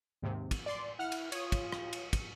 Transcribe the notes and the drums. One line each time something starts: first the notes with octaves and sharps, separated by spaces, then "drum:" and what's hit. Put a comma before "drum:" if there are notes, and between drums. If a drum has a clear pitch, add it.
D#2 G#2 C3
drum: kick, cymbal
D5 C6
E4 F#5 F6
drum: cymbal
F4 C#5 D#6, drum: cymbal
drum: kick, cymbal
drum: rim click
drum: cymbal
drum: kick, cymbal